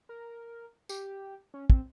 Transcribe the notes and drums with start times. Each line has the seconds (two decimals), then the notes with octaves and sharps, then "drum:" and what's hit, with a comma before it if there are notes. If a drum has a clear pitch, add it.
0.09 A#4
0.89 G4, drum: tambourine
1.54 C#4
1.70 C4, drum: kick